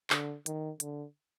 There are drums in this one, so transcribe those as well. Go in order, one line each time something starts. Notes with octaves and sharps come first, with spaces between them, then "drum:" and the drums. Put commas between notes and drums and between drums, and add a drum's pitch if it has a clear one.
D3, drum: clap
D#3, drum: hi-hat
D3, drum: hi-hat